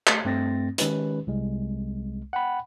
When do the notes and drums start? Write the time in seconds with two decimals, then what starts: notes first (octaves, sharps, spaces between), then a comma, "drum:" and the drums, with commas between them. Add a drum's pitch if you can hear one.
0.07 A3 G4 C7 C#7, drum: clap
0.25 G2 A3 C4 A6 A#6
0.78 D#3 G#3 C#4 G4 B4, drum: hi-hat
1.27 C2 G#3
2.33 F#5 G5 B5